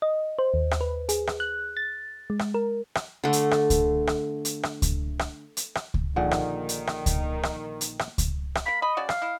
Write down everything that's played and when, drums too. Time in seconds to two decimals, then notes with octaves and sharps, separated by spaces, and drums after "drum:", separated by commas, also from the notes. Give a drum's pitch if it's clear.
0.02 D#5
0.39 C5
0.54 D#2
0.71 drum: rim click
0.81 B4
1.09 G#4, drum: hi-hat
1.27 drum: rim click
1.40 F#6
1.77 A6
2.30 G#3
2.39 drum: rim click
2.54 A#4
2.95 drum: rim click
3.24 D3 A3
3.33 drum: hi-hat
3.51 drum: rim click
3.70 drum: kick C#2, hi-hat
4.07 drum: rim click
4.45 drum: hi-hat
4.63 drum: rim click
4.82 drum: kick C#2, hi-hat
5.19 drum: rim click
5.57 drum: hi-hat
5.75 drum: rim click
5.94 drum: kick C#2
6.16 A#1 A#2 D3 D#3 G#4 F#5
6.31 drum: rim click
6.69 drum: hi-hat
6.87 drum: rim click
7.06 drum: kick C#2, hi-hat
7.43 drum: rim click
7.81 drum: hi-hat
7.99 drum: rim click
8.18 drum: kick C#2, hi-hat
8.55 drum: rim click
8.66 A#3 A#4 B5
8.82 D#5 B5
8.97 C#3 F#4 D5
9.09 F5, drum: rim click
9.22 E4 D#5